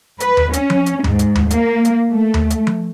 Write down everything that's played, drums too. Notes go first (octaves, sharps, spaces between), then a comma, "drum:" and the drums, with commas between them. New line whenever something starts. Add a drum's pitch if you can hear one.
B4, drum: hi-hat
drum: tom D#2
C#4, drum: hi-hat
drum: tom F3
drum: hi-hat
G#2, drum: tom D#2
drum: hi-hat
drum: tom D#2
A#3, drum: hi-hat
drum: hi-hat
A3
drum: tom D#2
drum: hi-hat
drum: tom F3